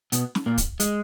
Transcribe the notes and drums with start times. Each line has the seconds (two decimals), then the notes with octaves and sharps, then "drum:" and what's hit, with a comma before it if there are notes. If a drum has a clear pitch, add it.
0.12 B2 B3, drum: hi-hat
0.35 drum: snare
0.46 A#2 A#3
0.58 drum: kick, hi-hat
0.80 G#3, drum: hi-hat